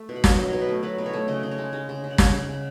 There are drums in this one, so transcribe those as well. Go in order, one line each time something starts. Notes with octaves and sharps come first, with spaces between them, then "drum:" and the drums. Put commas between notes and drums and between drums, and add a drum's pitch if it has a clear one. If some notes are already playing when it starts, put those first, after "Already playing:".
Already playing: A3
B2
F#5
F#3 E5, drum: snare
F#3 D#5
B2 C#5
B4
A3
F#3 B4
B2
C#5
A3
C#3 D#5
C#3
C#5
G#3
G#3 D#5
C#3
C#3
F#5
C#3 G#5, drum: snare
C#3
F#5
C#3